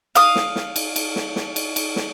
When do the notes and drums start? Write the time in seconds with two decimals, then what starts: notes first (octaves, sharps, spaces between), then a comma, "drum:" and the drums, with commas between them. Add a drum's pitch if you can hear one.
0.15 F5 D#6, drum: cymbal
0.36 drum: snare
0.56 drum: snare
0.76 drum: cymbal
0.96 drum: cymbal
1.16 drum: snare
1.36 drum: snare
1.56 drum: cymbal
1.76 drum: cymbal
1.96 drum: snare